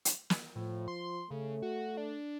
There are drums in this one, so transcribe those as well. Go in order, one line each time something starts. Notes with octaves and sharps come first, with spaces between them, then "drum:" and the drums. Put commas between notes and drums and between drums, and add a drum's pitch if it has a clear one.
drum: hi-hat
drum: snare
A2 F3
C6
C#3 A3
F#4
D4